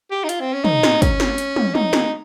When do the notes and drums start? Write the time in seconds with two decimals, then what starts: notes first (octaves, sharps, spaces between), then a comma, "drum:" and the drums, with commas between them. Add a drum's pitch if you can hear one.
0.11 G4
0.24 D#4
0.29 F4, drum: hi-hat
0.41 C4
0.53 C#4
0.65 D#4, drum: tom
0.83 drum: snare
1.02 C#4, drum: kick, hi-hat
1.20 drum: snare
1.38 drum: hi-hat
1.56 drum: tom
1.75 D#4, drum: tom
1.93 drum: snare